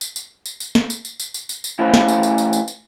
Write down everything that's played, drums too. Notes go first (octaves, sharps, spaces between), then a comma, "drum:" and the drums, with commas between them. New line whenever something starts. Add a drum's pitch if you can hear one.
drum: tambourine
drum: tambourine
drum: tambourine
drum: tambourine
drum: snare
drum: tambourine
drum: tambourine
drum: tambourine
drum: tambourine
drum: tambourine
drum: tambourine
A3 C#4 E4 B4 C5 F5
drum: snare
drum: tambourine
drum: tambourine
drum: tambourine
drum: tambourine
drum: tambourine